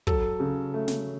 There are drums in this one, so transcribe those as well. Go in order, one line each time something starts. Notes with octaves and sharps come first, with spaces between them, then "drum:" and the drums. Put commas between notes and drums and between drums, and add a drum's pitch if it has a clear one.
F#3 A4, drum: kick
C#3
A3
drum: snare